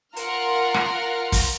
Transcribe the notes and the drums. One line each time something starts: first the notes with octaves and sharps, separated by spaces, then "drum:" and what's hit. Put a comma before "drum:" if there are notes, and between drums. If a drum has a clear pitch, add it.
F4 A#4 F#5 F6, drum: hi-hat
drum: rim click
drum: kick, open hi-hat